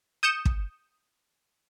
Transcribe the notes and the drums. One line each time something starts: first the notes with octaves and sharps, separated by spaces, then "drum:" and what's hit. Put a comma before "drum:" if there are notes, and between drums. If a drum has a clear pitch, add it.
D#6 G6 C#7 E7
drum: kick